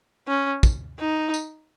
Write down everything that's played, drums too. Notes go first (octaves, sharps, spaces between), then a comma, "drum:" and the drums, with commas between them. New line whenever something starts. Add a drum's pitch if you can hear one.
C#4
drum: kick, tambourine
D#4
drum: tambourine